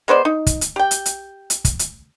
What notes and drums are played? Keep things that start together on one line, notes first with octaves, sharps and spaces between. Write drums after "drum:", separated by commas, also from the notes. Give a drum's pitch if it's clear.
G#3 B3 C5 D5
D#4
drum: kick, hi-hat
drum: hi-hat
G4 G5
drum: hi-hat
drum: hi-hat
drum: hi-hat
drum: kick, hi-hat
drum: hi-hat